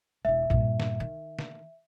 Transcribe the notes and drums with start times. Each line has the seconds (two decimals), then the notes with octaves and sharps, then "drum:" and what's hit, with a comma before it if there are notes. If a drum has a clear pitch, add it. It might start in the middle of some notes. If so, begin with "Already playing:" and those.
0.25 E1 E4 E5
0.50 G2 A#2, drum: kick
0.80 drum: snare
1.00 D#3
1.39 drum: snare